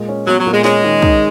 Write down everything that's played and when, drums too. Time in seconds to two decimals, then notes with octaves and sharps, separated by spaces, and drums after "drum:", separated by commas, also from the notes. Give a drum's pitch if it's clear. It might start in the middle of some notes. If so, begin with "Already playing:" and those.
Already playing: A#2 G#3
0.09 C#4
0.27 F#3 B3
0.40 F#3
0.46 A#2
0.52 G#3
0.64 G#3 C#4, drum: snare
0.84 D#3
1.02 D#4, drum: kick